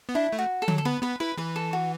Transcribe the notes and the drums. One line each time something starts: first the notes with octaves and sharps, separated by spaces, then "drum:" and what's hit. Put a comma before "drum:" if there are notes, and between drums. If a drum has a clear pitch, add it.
B3
D4 E4
A3
F#4
A4
F#3, drum: tom D3
A4
B3 B4
B3 B4
E4 B4
E3 B4
A4
F#4